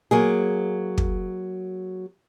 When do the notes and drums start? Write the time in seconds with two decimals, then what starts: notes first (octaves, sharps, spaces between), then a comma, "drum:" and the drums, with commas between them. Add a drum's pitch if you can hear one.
0.11 F#3 A#3 G#4
0.98 drum: kick